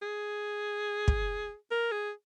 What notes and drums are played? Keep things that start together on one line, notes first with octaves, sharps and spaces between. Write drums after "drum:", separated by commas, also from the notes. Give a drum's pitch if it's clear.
G#4
drum: kick
A#4
G#4